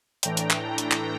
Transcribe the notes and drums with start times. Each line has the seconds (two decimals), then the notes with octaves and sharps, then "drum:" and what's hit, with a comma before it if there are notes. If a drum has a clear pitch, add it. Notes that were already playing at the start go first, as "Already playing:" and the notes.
0.23 A2 E3 A3 D4 G5 A#5, drum: hi-hat
0.37 drum: hi-hat
0.51 drum: clap
0.78 drum: hi-hat
0.92 drum: clap